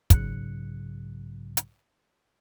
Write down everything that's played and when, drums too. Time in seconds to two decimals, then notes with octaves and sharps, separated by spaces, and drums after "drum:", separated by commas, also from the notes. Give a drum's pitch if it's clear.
0.10 B1 G#2 C#3 F#3 F#6 C#7, drum: kick, hi-hat
1.57 drum: hi-hat